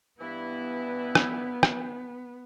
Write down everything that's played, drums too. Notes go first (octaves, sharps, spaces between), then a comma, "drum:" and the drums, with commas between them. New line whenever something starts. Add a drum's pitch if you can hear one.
G2 E3 B3 E4
drum: rim click
drum: rim click